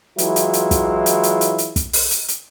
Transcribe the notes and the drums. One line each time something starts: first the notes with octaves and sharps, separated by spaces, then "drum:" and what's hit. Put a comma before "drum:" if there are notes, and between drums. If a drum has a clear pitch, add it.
E3 F#3 G#3 E4 F4, drum: hi-hat
drum: hi-hat
drum: hi-hat
drum: kick, hi-hat
drum: hi-hat
drum: hi-hat
drum: hi-hat
drum: hi-hat
drum: kick, hi-hat
drum: open hi-hat
drum: hi-hat
drum: hi-hat